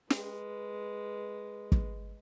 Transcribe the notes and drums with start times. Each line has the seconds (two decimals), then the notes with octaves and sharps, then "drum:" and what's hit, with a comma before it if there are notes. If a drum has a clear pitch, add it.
0.10 G#3 B4, drum: snare
1.72 drum: kick